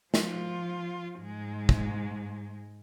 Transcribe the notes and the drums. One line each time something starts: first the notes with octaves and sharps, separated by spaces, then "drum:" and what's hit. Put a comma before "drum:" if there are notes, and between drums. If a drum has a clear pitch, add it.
F3 F4, drum: snare
G#2 G#3
drum: kick